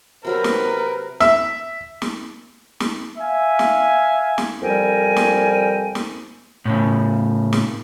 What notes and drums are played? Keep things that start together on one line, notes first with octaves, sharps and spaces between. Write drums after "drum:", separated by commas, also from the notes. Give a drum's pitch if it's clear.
C3 F#3 C4 A#4 B4
drum: snare
E5, drum: snare
drum: snare
drum: snare
E5 F5 G#5
drum: snare
drum: snare
C2 F2 G3 A#4 G5 G#5
drum: snare
drum: snare
A2 C#3
drum: snare